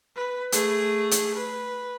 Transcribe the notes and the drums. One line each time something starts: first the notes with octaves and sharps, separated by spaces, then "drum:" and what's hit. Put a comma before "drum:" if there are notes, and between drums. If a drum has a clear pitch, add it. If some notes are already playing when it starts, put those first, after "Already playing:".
B4
A3 G#4, drum: hi-hat
drum: hi-hat
B4